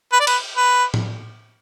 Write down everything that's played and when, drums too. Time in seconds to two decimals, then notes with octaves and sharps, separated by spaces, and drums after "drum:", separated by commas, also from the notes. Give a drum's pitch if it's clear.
0.12 B4
0.20 D5
0.27 B4, drum: cymbal
0.57 B4
0.94 drum: tom A2